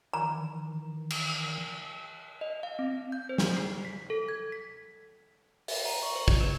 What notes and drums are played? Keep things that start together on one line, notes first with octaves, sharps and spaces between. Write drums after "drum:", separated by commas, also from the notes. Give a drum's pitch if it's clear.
D#3 E3 A#5
drum: cymbal
D#5
F5
C4
G6
C5
drum: snare
C7
B6
A4
G#6
B6
E5, drum: open hi-hat
A#5
C#6
C5
D#5, drum: kick
B4